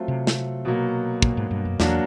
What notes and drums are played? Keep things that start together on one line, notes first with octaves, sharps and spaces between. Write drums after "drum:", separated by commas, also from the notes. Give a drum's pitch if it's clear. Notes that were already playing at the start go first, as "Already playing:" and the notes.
Already playing: F#3 A3 C4 F4
C3
drum: snare
B2 F#3 A#3
A#2, drum: kick
G#2
G2
F#2
E2 F#3 A#3 D4 F#4, drum: snare